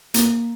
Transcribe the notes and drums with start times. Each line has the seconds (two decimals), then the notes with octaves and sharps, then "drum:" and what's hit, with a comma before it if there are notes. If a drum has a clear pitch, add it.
0.14 A#3, drum: hi-hat